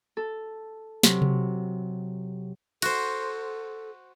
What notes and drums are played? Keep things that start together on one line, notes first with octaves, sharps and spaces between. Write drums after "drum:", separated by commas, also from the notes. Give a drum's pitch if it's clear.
A4
C3 F#3, drum: snare
drum: tom C3
F#4 A4 C5, drum: cymbal